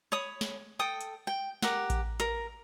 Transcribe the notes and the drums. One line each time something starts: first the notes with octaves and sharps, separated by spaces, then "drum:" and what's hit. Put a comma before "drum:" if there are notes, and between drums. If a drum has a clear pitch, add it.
C#5 B5 D#6
drum: snare
A4 G5 D#6
drum: hi-hat
G5
G4 A#4 F#5, drum: snare
drum: kick A1, hi-hat
A#4, drum: hi-hat